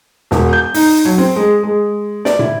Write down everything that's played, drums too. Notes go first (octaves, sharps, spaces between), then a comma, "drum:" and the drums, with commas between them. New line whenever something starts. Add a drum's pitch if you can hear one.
E1, drum: snare
G6
D#4, drum: open hi-hat
F#3
C4
G#3
G#3
D5, drum: snare
E4, drum: tom